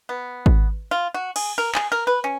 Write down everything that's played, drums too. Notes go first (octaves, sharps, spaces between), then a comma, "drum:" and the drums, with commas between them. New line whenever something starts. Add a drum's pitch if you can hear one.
B3
drum: kick G#1
F4
F#4
G#4, drum: cymbal
A#4
G#4, drum: clap
A#4
B4
C#4